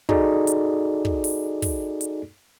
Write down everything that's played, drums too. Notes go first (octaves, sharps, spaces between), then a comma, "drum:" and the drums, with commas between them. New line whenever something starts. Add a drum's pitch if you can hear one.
D#4 F#4 G#4 A4 D5, drum: kick
drum: hi-hat
drum: kick
drum: open hi-hat
drum: kick, open hi-hat
drum: hi-hat